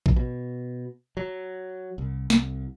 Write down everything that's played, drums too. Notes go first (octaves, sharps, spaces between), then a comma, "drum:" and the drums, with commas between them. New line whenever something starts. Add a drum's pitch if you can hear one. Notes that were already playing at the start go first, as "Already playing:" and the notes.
drum: kick A#1
B2
F#3
C2
C2, drum: snare